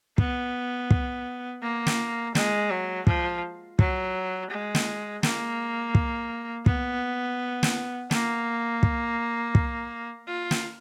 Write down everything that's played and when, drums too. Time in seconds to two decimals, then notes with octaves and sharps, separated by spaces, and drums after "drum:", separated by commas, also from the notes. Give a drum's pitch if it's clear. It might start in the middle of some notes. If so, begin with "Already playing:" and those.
0.18 B3, drum: kick
0.91 drum: kick
1.63 A#3
1.87 drum: snare
2.35 G#3, drum: snare
2.71 F#3
3.07 F3, drum: kick
3.79 F#3, drum: kick
4.51 G#3
4.75 drum: snare
5.23 A#3, drum: snare
5.95 drum: kick
6.66 B3, drum: kick
7.63 drum: snare
8.11 A#3, drum: snare
8.83 drum: kick
9.55 drum: kick
10.27 F4
10.51 drum: snare